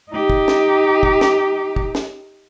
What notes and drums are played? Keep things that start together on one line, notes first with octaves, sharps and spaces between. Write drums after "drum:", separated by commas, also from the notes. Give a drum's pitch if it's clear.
D#4 G4
drum: kick
drum: snare
drum: kick
drum: snare
drum: kick
drum: snare